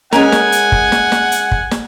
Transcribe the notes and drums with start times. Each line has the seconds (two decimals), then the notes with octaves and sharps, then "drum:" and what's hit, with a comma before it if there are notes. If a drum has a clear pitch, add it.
0.12 G#3 C#4 A#4 F#5 G#5, drum: snare
0.32 drum: snare
0.52 drum: hi-hat
0.72 drum: kick
0.92 drum: snare
1.12 drum: snare
1.32 drum: hi-hat
1.51 drum: kick
1.71 drum: snare